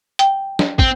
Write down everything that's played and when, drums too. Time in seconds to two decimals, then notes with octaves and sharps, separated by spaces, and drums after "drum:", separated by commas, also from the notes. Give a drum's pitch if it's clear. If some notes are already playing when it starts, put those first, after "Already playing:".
0.19 G5, drum: hi-hat
0.59 drum: snare
0.79 C4, drum: kick